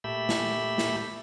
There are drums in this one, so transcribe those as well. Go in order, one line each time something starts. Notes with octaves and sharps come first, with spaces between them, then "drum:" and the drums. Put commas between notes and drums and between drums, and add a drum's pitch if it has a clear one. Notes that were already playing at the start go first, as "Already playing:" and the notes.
A#2 A3 G4 E5 B5
drum: snare
drum: snare